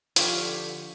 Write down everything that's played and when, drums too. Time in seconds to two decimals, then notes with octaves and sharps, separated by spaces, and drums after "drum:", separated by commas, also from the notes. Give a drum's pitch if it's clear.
0.16 D3 F3 F4 G4 C#6 F6 B6, drum: hi-hat